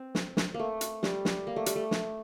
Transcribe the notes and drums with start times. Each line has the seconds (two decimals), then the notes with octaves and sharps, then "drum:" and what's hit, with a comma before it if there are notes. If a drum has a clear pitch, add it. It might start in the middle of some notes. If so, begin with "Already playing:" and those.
Already playing: C4
0.15 drum: snare
0.37 drum: snare
0.54 A#3
0.59 A3
0.81 drum: hi-hat
1.03 G3, drum: snare
1.25 drum: snare
1.47 A#3
1.56 A3
1.66 G3, drum: hi-hat
1.75 A3
1.91 drum: snare